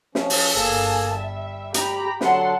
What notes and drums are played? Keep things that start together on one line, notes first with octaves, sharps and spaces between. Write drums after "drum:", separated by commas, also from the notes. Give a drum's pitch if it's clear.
F3 C#4, drum: snare
drum: open hi-hat
G1 A#3 G#4 A4 G#5 A5
G3 E5
G4 A#5 B5, drum: hi-hat
D3 F#3 F#5 A5 C6, drum: snare